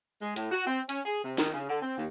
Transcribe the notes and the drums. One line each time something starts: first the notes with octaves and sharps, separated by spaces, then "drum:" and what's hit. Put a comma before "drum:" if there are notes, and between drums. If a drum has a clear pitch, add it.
G#3
A2, drum: hi-hat
F#4
C4
C#4, drum: hi-hat
G#4
C3
D#3, drum: snare
C#3
D3
C4
D#2